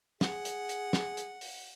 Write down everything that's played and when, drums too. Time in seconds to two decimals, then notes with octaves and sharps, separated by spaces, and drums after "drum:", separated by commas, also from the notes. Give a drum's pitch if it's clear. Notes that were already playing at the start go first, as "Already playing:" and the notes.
0.21 G#4 F#5, drum: snare
0.45 drum: hi-hat
0.69 drum: hi-hat
0.93 drum: snare
1.17 drum: hi-hat
1.41 drum: open hi-hat